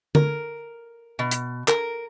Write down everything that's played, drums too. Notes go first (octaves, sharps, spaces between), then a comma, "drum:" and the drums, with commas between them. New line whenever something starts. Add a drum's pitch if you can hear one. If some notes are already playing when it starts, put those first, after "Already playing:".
A#4, drum: tom
B2
drum: hi-hat
A#4, drum: clap